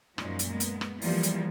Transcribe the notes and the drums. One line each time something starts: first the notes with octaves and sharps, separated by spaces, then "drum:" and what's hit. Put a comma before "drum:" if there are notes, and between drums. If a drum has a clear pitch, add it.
F#2 A#2 F3 G#3 D#4, drum: rim click
drum: hi-hat
G#3 A#3 B3
drum: hi-hat
drum: rim click
E3 F3 G3 G#3 A#3 B3, drum: open hi-hat
drum: hi-hat